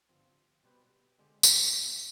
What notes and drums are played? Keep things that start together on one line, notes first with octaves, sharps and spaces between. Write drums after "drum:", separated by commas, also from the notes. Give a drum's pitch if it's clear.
G1 G2 F3 C4
B2 G3 C4 G4 B4
D3 G#3 C4 G4
drum: tambourine
B2 G#3 B3 D4 G4